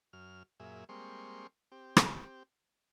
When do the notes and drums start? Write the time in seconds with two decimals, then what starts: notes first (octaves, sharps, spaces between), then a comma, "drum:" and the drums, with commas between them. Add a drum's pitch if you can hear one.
0.13 F#2 F6
0.60 F#2 A#2 G#4 E5
0.89 G3 G#3 A#3 C4 C6 C#6
1.72 C4 G4
1.97 drum: rim click